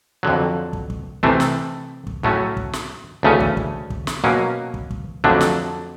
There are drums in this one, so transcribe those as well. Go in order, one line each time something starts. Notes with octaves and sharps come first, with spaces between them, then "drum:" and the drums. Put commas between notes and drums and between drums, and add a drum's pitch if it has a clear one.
F2 D3 F#3
drum: kick
drum: kick
C3 E3 A3 C4, drum: kick
drum: snare
drum: kick
A2 F#3 A3 C#4, drum: kick
drum: kick
drum: snare
D2 C#3 E3 A3 C#4
drum: kick
drum: kick
drum: kick
drum: snare
B2 F#3 A#3 C#4
drum: kick
drum: kick
F2 D3 F#3 A3 D4, drum: kick
drum: snare